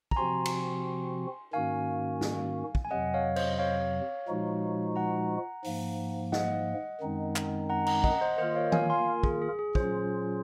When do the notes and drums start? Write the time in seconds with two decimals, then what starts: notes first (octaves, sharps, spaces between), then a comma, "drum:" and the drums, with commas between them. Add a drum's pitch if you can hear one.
0.11 A#5, drum: kick
0.16 C3 F3 C4 F#4 G#5 C6
0.45 drum: cymbal
1.53 G#2 D#3 A#3 C#4 F#4 F5 G#5
2.21 drum: snare
2.75 drum: kick
2.85 G#5
2.91 F2 C3 F#3 D#5 F#5
3.14 C#5 F5
3.36 C5 D#5, drum: cymbal
3.59 C#5 F5
4.28 A#2 F3 G#3 D#4 F#4
4.96 F#5 A#5
5.64 G#2 F3 A#3, drum: open hi-hat
6.32 D#5 F#5, drum: snare
7.01 F#2 D#3 G#3 C4 D#4
7.36 drum: clap
7.70 F#5 A#5
7.86 F#5 A#5, drum: cymbal
8.04 D#5 F#5, drum: kick
8.21 C5 D#5
8.38 D#3 A#3 F4 A#4 C5 D#5
8.55 C#5 F5
8.72 F5 G#5, drum: tom D#3
8.90 G#5 C6
9.23 G#4, drum: kick
9.42 G#4
9.59 G#4
9.75 A#2 F#3 C#4 F4 G#4 C5, drum: kick